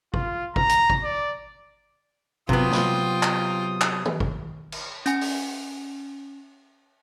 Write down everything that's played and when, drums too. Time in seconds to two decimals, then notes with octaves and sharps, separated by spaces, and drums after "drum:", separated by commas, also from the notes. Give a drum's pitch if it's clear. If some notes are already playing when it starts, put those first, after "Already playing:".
0.14 F4, drum: kick
0.56 A#5, drum: kick
0.69 drum: hi-hat
0.90 drum: kick
1.04 D5
2.49 C3 F#3 B3 F4 F#4 G5 D#6, drum: kick
2.72 drum: snare
3.23 drum: clap
3.81 drum: clap
4.05 drum: tom
4.20 drum: kick
4.72 drum: cymbal
5.06 C#4 G#5, drum: hi-hat
5.21 drum: open hi-hat